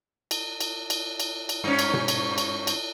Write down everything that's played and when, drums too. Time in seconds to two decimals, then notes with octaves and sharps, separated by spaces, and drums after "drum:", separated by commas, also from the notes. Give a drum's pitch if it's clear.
0.31 drum: cymbal
0.61 drum: cymbal
0.90 drum: cymbal
1.20 drum: cymbal
1.49 drum: cymbal
1.64 G2 C#4
1.79 drum: cymbal
1.93 drum: tom B2
2.08 drum: cymbal
2.38 drum: cymbal
2.67 drum: cymbal